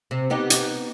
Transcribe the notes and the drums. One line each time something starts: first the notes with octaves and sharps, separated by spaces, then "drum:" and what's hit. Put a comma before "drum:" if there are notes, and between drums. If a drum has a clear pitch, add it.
C3
B3 D#4 G4
drum: hi-hat